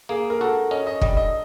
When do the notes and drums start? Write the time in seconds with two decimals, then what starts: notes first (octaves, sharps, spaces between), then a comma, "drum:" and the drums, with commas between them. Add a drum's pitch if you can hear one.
0.09 A#3 G#4
0.30 A#4
0.41 F#4 A4
0.71 C#4 D#5
0.87 D#5
1.01 G3 D#5, drum: kick
1.17 D#5